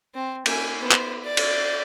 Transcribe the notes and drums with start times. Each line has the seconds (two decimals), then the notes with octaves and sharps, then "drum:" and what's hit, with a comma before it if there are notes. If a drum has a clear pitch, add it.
0.14 C4
0.46 A#3 G#5, drum: cymbal
0.81 B3 C5
0.92 drum: clap
1.24 D5
1.37 drum: cymbal